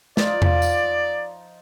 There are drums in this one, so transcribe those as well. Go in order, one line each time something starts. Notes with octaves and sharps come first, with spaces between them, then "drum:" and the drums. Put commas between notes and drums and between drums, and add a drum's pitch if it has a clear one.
F3 D#4 F4 D5, drum: snare
drum: tom E2
drum: tambourine